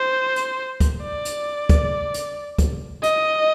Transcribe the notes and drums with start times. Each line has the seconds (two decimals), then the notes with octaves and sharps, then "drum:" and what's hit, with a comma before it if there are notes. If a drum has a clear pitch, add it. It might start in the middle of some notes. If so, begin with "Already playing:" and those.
Already playing: C5
0.36 drum: hi-hat
0.80 drum: kick D2, hi-hat
1.03 D5
1.25 drum: hi-hat
1.69 drum: kick D2, hi-hat
2.14 drum: hi-hat
2.58 drum: kick D2, hi-hat
3.03 D#5, drum: hi-hat